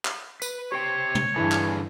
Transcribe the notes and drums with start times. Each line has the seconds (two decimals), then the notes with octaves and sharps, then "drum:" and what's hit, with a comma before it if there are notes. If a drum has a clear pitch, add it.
0.05 drum: clap
0.42 B4, drum: tambourine
0.72 G4 C5 C#5 G5
1.15 drum: tom
1.36 G2 D3 E3 G#4 B4
1.52 drum: clap